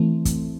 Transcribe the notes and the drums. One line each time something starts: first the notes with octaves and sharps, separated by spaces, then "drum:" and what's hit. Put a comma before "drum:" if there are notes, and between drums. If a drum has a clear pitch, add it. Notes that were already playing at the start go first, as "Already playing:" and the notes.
Already playing: E3 A3 C4
drum: kick, hi-hat